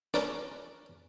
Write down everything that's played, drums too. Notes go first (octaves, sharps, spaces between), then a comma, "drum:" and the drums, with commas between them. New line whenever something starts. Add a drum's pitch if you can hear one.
C#4 D4 A#4 B4 D5, drum: snare